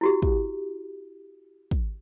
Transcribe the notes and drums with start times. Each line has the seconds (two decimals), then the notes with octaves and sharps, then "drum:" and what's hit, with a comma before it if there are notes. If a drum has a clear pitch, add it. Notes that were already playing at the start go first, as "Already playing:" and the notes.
0.01 E4 F#4 G4
0.22 drum: kick
1.71 drum: kick